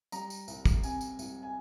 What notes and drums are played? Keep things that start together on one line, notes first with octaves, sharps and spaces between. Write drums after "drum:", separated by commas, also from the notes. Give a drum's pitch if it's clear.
G3 A#5, drum: tambourine
drum: tambourine
C2, drum: tambourine
drum: kick, tambourine
C3 G#5, drum: tambourine
drum: tambourine
C2, drum: tambourine
G#5